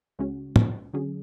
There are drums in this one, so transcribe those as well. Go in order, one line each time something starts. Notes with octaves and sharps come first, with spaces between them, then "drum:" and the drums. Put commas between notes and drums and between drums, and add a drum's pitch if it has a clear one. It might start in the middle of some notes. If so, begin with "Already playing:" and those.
C#2 C#3 G#3 C#4 F#4
drum: tom
D3 F#3 C#4 G#4